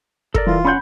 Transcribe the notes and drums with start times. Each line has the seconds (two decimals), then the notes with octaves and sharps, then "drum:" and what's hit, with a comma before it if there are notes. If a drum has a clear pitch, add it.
0.34 A4 A#4 D5, drum: kick
0.46 E3 F4
0.65 C#4 F#5 B5 C6 G6